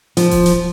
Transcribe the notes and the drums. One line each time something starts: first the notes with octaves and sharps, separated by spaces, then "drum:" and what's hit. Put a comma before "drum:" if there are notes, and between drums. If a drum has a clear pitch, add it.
F3, drum: hi-hat
drum: kick D#1, open hi-hat
drum: hi-hat